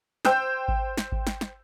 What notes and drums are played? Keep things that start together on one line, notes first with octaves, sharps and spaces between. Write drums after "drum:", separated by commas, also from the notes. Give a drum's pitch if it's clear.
C5 G5 E6 G6, drum: snare
drum: kick G#1
drum: snare
drum: kick G#1
drum: snare
drum: snare